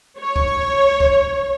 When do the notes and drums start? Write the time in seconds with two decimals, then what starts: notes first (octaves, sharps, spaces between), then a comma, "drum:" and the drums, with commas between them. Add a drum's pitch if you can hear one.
0.20 C#5
0.36 drum: kick
1.00 drum: kick